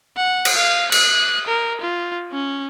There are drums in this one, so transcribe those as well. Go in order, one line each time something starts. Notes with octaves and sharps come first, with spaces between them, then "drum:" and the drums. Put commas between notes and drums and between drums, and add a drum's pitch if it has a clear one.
F#5
drum: cymbal
F5
F#6, drum: cymbal
A#4
F4
C#4